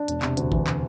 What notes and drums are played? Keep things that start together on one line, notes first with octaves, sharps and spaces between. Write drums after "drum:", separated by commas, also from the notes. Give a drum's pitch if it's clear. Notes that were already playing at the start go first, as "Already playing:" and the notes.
Already playing: D4
E1, drum: hi-hat
C3, drum: clap
D2, drum: hi-hat
E3, drum: kick A1
drum: clap